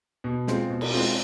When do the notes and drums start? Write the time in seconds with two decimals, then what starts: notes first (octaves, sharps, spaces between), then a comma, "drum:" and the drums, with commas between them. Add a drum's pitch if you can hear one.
0.24 B2
0.47 G#3 C4 F4, drum: snare
0.70 B2
0.81 drum: cymbal
0.92 G#3 C4 F4